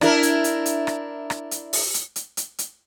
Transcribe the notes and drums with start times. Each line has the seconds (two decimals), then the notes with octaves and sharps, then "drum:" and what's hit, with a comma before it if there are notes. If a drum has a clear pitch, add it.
0.01 D4 E4 A#4, drum: rim click
0.23 drum: hi-hat
0.44 drum: hi-hat
0.66 drum: hi-hat
0.87 drum: rim click
1.30 drum: rim click
1.51 drum: hi-hat
1.73 drum: open hi-hat
1.94 drum: hi-hat
2.16 drum: hi-hat
2.37 drum: hi-hat
2.59 drum: hi-hat